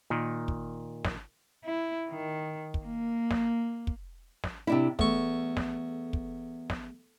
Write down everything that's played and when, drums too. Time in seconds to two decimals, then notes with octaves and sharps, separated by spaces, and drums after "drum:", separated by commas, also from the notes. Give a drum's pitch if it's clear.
0.10 A#2 D#3
0.48 drum: kick
1.05 drum: snare
1.65 E4
2.10 D#3
2.74 drum: kick
2.84 A#3
3.31 drum: snare
3.87 drum: kick
4.44 drum: snare
4.67 C3 D4 E4
4.99 E2 A3 C#6, drum: kick
5.57 drum: snare
6.13 drum: kick
6.70 drum: snare